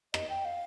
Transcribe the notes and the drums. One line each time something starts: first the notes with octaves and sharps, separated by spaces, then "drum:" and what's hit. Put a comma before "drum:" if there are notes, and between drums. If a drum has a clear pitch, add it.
D#5, drum: rim click
G5
F5